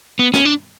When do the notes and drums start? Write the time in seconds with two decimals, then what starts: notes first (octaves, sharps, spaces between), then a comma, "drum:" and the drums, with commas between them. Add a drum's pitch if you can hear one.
0.19 B3
0.34 C#4, drum: snare
0.45 D4